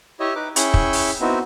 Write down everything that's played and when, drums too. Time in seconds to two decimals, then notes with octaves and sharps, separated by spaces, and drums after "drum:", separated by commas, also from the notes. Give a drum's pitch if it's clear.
0.20 E4 G4 C#5 D#5 E5
0.35 D#4 B4 D6
0.56 C#4 E4 G#4 G5 B5 C#6, drum: hi-hat
0.74 drum: kick
0.93 drum: open hi-hat
1.21 B3 C4 D#4 E4 F#4